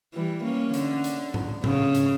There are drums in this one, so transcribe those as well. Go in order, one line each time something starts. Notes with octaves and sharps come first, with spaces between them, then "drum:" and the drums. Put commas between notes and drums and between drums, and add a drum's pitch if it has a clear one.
E3 G3
A#3 C#4
D3, drum: hi-hat
drum: hi-hat
drum: tom G#2
C#3, drum: tom G#2
drum: hi-hat